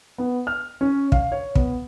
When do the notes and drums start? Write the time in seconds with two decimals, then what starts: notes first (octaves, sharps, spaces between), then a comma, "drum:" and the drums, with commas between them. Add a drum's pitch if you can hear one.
0.18 B3
0.47 F6
0.81 C#4
1.12 F5, drum: kick
1.32 C#5
1.55 B3, drum: kick